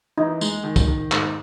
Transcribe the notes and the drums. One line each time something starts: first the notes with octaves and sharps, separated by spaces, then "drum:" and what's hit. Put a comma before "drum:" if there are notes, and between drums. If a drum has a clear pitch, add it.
E3 D#4
G#3, drum: tambourine
D#3
drum: kick, tambourine
D#3
G#2, drum: clap